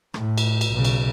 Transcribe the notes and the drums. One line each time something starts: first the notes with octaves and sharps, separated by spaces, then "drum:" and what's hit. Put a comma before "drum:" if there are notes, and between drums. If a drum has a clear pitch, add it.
A2, drum: rim click
drum: cymbal
drum: cymbal
B1 C#3
drum: cymbal